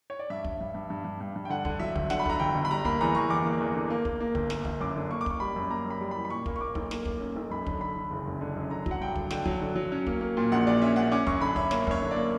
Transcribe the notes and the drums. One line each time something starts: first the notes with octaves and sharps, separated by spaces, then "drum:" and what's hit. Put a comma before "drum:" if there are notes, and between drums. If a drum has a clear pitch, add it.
C#5
D5
G2 E5
G2, drum: kick
G2
G2
G2
G2
G2
G2
G5
D3 F#5
D3, drum: kick
F#3 E5
G1, drum: kick
D3 F#5, drum: snare
B5
D3 A#5, drum: kick
G1 G5
G1
B5
G3 A#5
A#3 B5, drum: kick
E2 A#5
E2 C#6
E2 D6
A#3
E2
D3
A#3
A#3, drum: kick
A#3
G1, drum: kick
A#3, drum: snare
G1, drum: kick
F#2 D6
D3
A#3 C#6
D6
A#3 C#6, drum: kick
G3 B5
F#2
A#3 A#5
F#2
B5
G3
E3 B5
B5
A#2 C#6
A#3, drum: kick
C#6
A#2 D6
B1, drum: kick
A#3, drum: snare
A#3, drum: kick
C#4
B1
F#2 B5
D3, drum: kick
D3 B5
D3
F#1
F#2
D3
F#2
D3 A#5
F#3, drum: kick
F#5
G2 G5
D3, drum: kick
D3 G5, drum: snare
F#3, drum: kick
D3
F#3
C#4
A#3, drum: kick
A#3
A#2
A#1 F#5
A#2 D5
C#4 E5
A#2 F#5
C#4 D6
F#2 C#6, drum: kick
D3 B5
C#4 E5, drum: kick
A#3 C#5, drum: snare
F#2 C#5, drum: kick
D3
D5
A#3